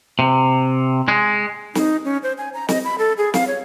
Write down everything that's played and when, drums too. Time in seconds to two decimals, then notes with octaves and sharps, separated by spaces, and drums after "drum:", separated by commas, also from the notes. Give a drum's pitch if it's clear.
0.19 C3
1.08 G#3
1.75 D#4, drum: snare
2.05 C#4
2.23 C5
2.38 G#5
2.54 A#5
2.69 D#5, drum: snare
2.85 B5
2.99 A4
3.18 G#4
3.34 F5, drum: snare
3.47 C#5